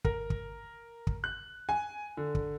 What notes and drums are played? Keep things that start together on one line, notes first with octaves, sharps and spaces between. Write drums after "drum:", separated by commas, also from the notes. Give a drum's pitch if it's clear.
A#4, drum: kick
drum: kick
drum: kick
F#6
G#5
D3
drum: kick